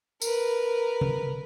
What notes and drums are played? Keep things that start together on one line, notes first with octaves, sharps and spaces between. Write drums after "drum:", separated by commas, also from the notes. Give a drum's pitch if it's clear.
A#4 B4, drum: tambourine
drum: tom C3